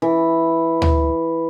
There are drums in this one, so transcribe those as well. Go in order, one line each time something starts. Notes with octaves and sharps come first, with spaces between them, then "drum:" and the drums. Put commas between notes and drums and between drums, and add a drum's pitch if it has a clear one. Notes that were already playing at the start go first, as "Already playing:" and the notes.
E3
drum: tom